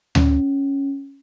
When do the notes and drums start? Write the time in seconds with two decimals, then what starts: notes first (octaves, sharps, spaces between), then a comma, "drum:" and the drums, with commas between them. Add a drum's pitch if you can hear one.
0.15 C#4, drum: tom D2